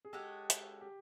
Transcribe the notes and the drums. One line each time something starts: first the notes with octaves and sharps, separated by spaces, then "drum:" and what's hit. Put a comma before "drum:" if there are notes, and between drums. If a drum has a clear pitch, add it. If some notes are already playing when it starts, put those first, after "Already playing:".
G#4
G#3 C#4 F#4 G4 A4
drum: hi-hat
G4